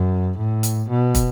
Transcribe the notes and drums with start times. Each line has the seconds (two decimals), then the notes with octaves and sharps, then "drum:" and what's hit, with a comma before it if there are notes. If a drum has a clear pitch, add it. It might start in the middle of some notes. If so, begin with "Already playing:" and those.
Already playing: F#2
0.37 A2
0.63 drum: hi-hat
0.89 B2
1.15 drum: kick, hi-hat